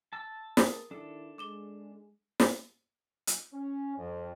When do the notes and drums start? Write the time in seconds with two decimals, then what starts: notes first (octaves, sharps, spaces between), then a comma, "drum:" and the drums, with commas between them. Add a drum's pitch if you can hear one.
0.13 A5 E6
0.57 B3 G#4 A#4 D#6, drum: snare
0.91 D#3 D4 E4 A4
1.38 G#3 D6 E7 G7
2.40 drum: snare
3.27 drum: hi-hat
3.54 C#4
3.97 F2